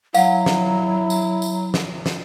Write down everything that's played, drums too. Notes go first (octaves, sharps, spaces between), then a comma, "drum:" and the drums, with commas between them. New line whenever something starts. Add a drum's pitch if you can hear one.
F#3 E4 F5 F#5, drum: tambourine
drum: snare
drum: tambourine
drum: tambourine
drum: snare
drum: snare